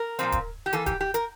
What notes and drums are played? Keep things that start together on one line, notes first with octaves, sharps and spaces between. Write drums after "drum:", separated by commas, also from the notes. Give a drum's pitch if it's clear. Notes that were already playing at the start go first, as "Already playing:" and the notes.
Already playing: A#4
A#2 F3 C4, drum: hi-hat
drum: kick D1, hi-hat
G4
E3 A#3 A4, drum: hi-hat
G4, drum: kick D1, hi-hat
G4
A#4, drum: hi-hat